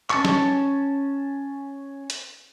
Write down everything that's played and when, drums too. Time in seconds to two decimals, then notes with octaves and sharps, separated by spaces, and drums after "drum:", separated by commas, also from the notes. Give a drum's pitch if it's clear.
0.10 C#4 A5 C#6, drum: clap
0.25 drum: snare
2.10 drum: hi-hat